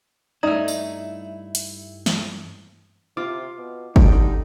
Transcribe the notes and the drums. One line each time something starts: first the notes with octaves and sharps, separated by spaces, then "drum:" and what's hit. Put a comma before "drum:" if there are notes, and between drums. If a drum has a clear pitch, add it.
G2 A3 D#4 E4 D5 A#5 D#6
drum: tambourine
drum: hi-hat
drum: snare
C3 F4 D6
B2
D3 G3 D#4 D5 G5, drum: kick